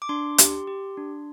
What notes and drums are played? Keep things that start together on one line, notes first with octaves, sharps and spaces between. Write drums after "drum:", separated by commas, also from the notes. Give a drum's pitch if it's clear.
D6
D4 C6
G4, drum: hi-hat
G4
D4